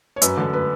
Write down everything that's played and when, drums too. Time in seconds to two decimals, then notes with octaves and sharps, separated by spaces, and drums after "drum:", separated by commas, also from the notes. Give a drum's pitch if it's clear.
0.16 C#5
0.22 F#2 B4, drum: hi-hat
0.38 D3
0.53 B4